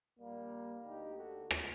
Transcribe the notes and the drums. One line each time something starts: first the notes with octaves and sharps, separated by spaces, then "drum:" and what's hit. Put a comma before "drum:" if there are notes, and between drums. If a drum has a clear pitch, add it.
A#1 A#2 G3 A#3
D2 D3 D#4 G4
F#4 A4
drum: rim click